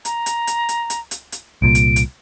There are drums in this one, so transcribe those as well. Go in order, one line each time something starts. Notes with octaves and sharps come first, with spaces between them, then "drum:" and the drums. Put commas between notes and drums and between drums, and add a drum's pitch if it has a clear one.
A#5, drum: hi-hat
drum: hi-hat
drum: hi-hat
drum: hi-hat
drum: hi-hat
drum: hi-hat
drum: hi-hat
C2 A#2 D7
drum: hi-hat
drum: hi-hat